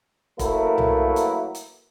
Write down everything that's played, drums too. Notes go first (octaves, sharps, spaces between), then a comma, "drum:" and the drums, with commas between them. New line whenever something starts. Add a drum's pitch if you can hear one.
F#3 A3 A#3 E4 A#4 B4, drum: kick F1, hi-hat
drum: tom C2
drum: hi-hat
drum: hi-hat